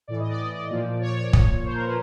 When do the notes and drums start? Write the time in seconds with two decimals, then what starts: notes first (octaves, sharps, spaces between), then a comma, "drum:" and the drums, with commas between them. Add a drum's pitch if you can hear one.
0.08 A2 E3 D5
0.19 D#5
0.29 D5
0.39 D#5
0.54 D5
0.70 A#2 F3
1.01 C#5
1.17 C#5
1.33 A#2 F3, drum: kick
1.65 C5
1.74 A#4
1.85 B4